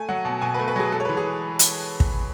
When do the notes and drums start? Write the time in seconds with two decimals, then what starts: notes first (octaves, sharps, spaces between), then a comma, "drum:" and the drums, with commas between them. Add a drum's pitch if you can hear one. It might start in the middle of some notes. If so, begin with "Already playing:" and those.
Already playing: A3 G#5
0.09 F#3 F#5
0.25 B2 A5
0.42 B2 G#5
0.54 B4
0.59 A3
0.68 B4
0.76 F#3 G#4
0.92 G#3 A4
1.00 C#5
1.05 E3 B4
1.17 G#4
1.59 drum: hi-hat
2.00 drum: kick